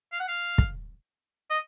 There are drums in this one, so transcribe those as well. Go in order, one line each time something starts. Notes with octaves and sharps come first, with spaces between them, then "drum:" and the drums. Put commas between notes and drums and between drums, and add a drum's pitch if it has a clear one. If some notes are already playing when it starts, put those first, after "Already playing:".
F5
F#5
F5
drum: kick
D#5